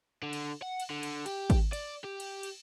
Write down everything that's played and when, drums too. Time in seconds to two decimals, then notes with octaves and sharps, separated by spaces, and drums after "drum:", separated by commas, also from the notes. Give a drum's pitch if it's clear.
0.23 D3
0.33 drum: cymbal
0.62 F#5
0.80 drum: cymbal
0.90 D3
1.03 drum: cymbal
1.26 G4, drum: cymbal
1.50 drum: kick G#1, cymbal
1.73 D5, drum: cymbal
2.05 G4
2.20 drum: cymbal
2.43 drum: cymbal